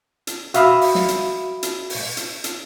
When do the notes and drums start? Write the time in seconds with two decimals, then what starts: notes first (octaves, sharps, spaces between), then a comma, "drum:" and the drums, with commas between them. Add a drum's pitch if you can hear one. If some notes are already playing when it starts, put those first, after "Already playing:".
0.27 drum: hi-hat
0.54 F#4 E5 F5 B5 D#6 E6, drum: hi-hat
0.81 drum: open hi-hat
0.95 drum: snare
1.08 drum: hi-hat
1.63 drum: hi-hat
1.90 drum: open hi-hat
2.17 drum: hi-hat
2.44 drum: hi-hat